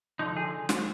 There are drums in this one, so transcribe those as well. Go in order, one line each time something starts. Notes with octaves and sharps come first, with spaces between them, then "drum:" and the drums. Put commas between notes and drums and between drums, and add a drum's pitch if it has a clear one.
D3 F3 D#4
G#4
drum: snare